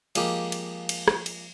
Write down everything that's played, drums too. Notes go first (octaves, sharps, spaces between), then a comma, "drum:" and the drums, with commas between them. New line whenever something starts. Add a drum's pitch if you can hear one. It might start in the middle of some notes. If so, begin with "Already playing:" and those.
F3 G#3 A#3 G4, drum: cymbal
drum: cymbal
drum: cymbal
drum: rim click
drum: cymbal